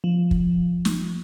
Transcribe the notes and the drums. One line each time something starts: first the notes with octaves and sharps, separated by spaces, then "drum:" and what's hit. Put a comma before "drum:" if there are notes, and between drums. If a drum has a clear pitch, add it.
F3
drum: kick
drum: snare